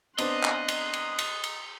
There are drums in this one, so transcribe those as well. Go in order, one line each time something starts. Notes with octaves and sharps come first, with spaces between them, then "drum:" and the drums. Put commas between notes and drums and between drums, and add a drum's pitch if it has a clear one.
B3 C4 D4 D#5 C6 F#6, drum: cymbal
drum: clap
drum: cymbal
drum: cymbal
drum: cymbal
drum: cymbal